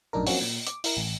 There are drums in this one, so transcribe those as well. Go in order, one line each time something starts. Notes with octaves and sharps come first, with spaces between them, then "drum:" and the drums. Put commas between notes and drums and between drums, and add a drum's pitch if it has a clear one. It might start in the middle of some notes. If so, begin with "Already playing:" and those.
A#1 F#2 A2 D4 D#4 A#4
F3 F#3 A#3 C4 C#4 F#4, drum: open hi-hat
A#2
D6, drum: hi-hat
E4 A#4, drum: open hi-hat
A1